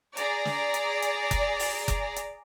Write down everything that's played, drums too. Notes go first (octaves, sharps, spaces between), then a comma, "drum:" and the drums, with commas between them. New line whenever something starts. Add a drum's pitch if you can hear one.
G#4 D5 A#5, drum: hi-hat
drum: snare
drum: hi-hat
drum: hi-hat
drum: kick F#1, hi-hat
drum: open hi-hat
drum: kick F#1, hi-hat
drum: hi-hat